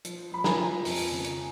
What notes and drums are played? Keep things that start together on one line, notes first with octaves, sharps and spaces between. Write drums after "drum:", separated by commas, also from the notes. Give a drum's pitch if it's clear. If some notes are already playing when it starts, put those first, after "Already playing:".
F3, drum: hi-hat
F3 B5
G#5 A#5, drum: snare
F3
F2, drum: open hi-hat
C#3
drum: hi-hat